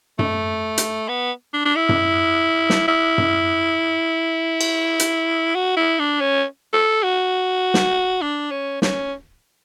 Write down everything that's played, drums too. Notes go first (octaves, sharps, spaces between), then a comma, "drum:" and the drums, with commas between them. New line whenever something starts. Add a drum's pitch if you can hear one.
A3, drum: tom F#2
drum: hi-hat
B3
D4
D4
E4
drum: tom F#2
drum: snare
E4
drum: tom F#2
drum: cymbal
drum: hi-hat
F#4
E4
D4
C#4
A4
F#4
drum: snare
D4
C#4
C#4, drum: snare